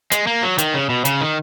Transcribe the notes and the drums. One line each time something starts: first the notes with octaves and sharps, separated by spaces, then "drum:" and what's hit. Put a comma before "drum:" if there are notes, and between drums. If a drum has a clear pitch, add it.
G#3, drum: hi-hat
A#3
F#3
D#3, drum: hi-hat
C#3
B2
C#3, drum: hi-hat
D#3